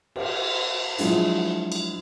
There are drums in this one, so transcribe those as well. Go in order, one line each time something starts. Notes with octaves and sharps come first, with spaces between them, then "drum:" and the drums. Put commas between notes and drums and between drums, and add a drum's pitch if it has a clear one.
G4, drum: cymbal
F3 F#3 G#3 D4 E4, drum: hi-hat
drum: cymbal